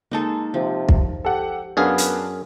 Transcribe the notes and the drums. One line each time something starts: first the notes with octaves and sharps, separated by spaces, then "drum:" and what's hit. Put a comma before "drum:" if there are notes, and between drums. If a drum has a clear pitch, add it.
G#3 A#3 D#4 A4 A5
C3 F3
drum: kick
G4 A4 F#5
F#2 B3 D4 G#4 F5
drum: hi-hat